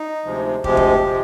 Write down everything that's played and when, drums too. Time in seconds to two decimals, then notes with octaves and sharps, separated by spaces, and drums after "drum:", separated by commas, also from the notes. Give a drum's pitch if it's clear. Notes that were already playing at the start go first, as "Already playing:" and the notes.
Already playing: D#4
0.24 D2 C3 F3 G#3
0.64 D2 C3 F3 G#3 G4, drum: kick
0.77 drum: kick
1.02 C3 F3 G#3